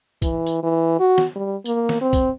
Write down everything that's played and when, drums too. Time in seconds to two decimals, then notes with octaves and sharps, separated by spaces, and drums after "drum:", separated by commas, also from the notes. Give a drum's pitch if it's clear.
0.22 E3, drum: kick, tambourine
0.46 drum: tambourine
0.63 E3
0.99 F#4
1.18 drum: snare
1.36 G3
1.65 A#3, drum: tambourine
1.89 drum: snare
2.01 C4
2.13 drum: kick, tambourine